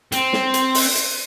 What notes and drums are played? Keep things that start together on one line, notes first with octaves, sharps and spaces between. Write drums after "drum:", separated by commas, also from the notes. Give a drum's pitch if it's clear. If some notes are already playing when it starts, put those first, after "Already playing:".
C4, drum: hi-hat
drum: snare
drum: hi-hat
drum: open hi-hat
drum: hi-hat